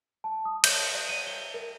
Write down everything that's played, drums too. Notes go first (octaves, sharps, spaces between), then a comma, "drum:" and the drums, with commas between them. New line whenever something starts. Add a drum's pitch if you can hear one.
A5
D#6
G6, drum: cymbal
D5
D#7
G7
A#4